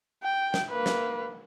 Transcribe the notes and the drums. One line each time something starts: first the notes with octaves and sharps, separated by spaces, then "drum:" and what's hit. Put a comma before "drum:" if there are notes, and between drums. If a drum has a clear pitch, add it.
G5
drum: snare
A#3 B4
drum: snare